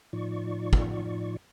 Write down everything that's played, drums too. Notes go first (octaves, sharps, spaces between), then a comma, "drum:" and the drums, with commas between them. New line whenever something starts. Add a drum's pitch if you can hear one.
A2 F3 D#4 F4 D5 C#6
drum: kick